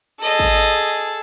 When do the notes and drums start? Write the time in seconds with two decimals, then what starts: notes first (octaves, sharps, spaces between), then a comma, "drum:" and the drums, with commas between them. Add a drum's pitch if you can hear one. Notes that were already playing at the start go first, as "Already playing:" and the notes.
0.22 G#4 A4 D#5
0.39 drum: kick G#1